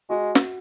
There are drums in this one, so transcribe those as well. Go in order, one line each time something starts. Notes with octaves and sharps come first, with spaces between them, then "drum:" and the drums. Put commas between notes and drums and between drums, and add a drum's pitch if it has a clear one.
G#3 F#4
drum: snare